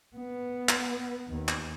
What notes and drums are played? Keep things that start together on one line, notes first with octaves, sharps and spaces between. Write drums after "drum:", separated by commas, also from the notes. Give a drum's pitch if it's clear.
B3
drum: clap
D#2
drum: clap